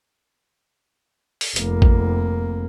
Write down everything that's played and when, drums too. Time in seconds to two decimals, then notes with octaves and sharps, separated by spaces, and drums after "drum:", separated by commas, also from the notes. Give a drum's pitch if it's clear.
1.41 drum: open hi-hat
1.56 F1 A#3, drum: hi-hat
1.82 drum: kick A1